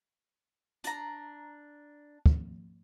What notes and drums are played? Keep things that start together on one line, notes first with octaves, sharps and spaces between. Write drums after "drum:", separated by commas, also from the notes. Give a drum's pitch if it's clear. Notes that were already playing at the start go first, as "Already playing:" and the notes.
D4 A#5, drum: hi-hat
drum: kick